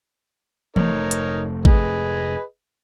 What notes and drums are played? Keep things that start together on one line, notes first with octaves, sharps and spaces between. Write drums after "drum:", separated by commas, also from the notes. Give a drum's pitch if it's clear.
F1 G#2 A3 D#4 A#4 C#5, drum: tom E3
drum: hi-hat
G#4 B4 D#5, drum: kick